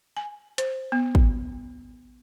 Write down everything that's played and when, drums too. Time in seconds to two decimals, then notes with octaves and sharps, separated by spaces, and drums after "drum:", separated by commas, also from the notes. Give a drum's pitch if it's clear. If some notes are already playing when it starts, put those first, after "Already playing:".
0.17 G#5
0.58 C5, drum: hi-hat
0.92 B3
1.15 drum: kick